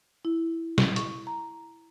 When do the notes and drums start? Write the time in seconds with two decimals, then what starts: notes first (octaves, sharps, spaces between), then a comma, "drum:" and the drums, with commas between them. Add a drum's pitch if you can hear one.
0.25 E4
0.78 drum: snare
0.96 C#6, drum: hi-hat
1.27 A#5